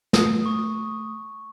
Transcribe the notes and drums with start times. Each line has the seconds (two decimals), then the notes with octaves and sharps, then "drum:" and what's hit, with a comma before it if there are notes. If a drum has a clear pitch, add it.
0.13 A3 D#6, drum: snare
0.46 C#6